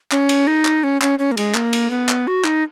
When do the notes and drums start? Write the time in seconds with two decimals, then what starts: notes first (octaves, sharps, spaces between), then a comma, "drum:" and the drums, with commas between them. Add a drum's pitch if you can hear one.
0.11 C#4, drum: clap
0.29 drum: cymbal
0.47 D#4
0.65 drum: clap
0.84 C#4
1.02 C#4, drum: clap
1.19 C#4
1.32 A#3
1.37 G#3, drum: cymbal
1.54 A#3, drum: clap
1.73 drum: cymbal
1.90 B3
2.09 drum: clap
2.27 F#4
2.44 D#4, drum: clap